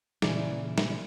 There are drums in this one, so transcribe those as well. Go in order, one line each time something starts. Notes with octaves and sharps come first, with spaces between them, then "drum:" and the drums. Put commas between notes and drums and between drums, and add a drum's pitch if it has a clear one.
A#2 C#3 E3 E4, drum: snare
drum: snare